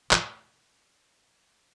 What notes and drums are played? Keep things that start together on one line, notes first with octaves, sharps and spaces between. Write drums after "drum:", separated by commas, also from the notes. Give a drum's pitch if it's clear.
F3, drum: clap